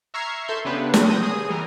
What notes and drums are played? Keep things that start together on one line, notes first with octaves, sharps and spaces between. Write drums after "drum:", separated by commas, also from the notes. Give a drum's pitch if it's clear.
E5 A#5 C#6 F6 G#6 C7
A4 E5 C6 G6
C#3 B3 D4 G4 B4
drum: snare
D#6 E6 G6 A#6 D#7
G#4 D#6
E3 G3 A#4